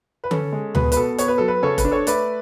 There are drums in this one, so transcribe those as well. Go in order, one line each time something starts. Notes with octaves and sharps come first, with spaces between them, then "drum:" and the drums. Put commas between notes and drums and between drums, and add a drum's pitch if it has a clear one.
B4
C#4 A4, drum: tom D3
G#3
B2 B4, drum: tom D2
B4, drum: hi-hat
B2 A4
B3 C#5, drum: hi-hat
B4
F#3 A4
B4
C#3 A4 C#5
B4, drum: kick F1, hi-hat
D4
A4 C#5
A3 B4 D5, drum: hi-hat